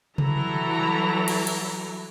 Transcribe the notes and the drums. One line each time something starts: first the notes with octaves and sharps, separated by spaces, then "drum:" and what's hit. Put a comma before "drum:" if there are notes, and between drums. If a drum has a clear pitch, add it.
E3 F#3 G3 E4 A4 A#5, drum: tom C3
drum: cymbal
drum: cymbal